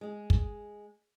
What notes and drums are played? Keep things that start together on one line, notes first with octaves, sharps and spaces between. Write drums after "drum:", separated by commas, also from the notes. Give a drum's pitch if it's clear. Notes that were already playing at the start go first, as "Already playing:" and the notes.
G#3 G#4
drum: kick